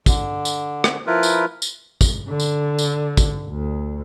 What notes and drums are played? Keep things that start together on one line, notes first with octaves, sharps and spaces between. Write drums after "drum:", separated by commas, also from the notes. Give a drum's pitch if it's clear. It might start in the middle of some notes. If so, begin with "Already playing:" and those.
D3, drum: kick, tambourine
drum: tambourine
drum: rim click
F3 E4 F4 A#4 B4
drum: tambourine
drum: tambourine
drum: kick, tambourine
D3
drum: tambourine
drum: tambourine
drum: kick, tambourine
D2